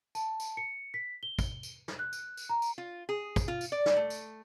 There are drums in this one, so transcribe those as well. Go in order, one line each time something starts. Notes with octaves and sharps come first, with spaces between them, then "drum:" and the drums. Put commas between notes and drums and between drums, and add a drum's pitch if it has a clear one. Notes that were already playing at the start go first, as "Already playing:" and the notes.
A5, drum: tambourine
drum: tambourine
C#7
B6
G7
drum: kick, tambourine
drum: tambourine
drum: snare
F#6
drum: tambourine
drum: tambourine
A#5
drum: tambourine
F4
G#4
drum: kick, tambourine
F4
drum: tambourine
D5
drum: snare
A3
drum: tambourine